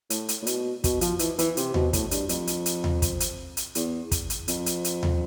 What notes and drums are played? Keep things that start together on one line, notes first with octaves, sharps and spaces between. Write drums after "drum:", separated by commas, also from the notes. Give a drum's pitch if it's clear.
A2, drum: hi-hat
drum: hi-hat
A2
B2, drum: hi-hat
B2, drum: kick, hi-hat
F3, drum: hi-hat
E3, drum: hi-hat
E3, drum: hi-hat
C3, drum: hi-hat
B2, drum: tom D#2
A2, drum: kick, hi-hat
G2, drum: hi-hat
F2, drum: hi-hat
drum: hi-hat
drum: hi-hat
drum: tom D#2
drum: kick, hi-hat
drum: hi-hat
drum: hi-hat
E2, drum: hi-hat
drum: kick, hi-hat
drum: hi-hat
F2, drum: hi-hat
drum: hi-hat
drum: hi-hat
drum: tom D#2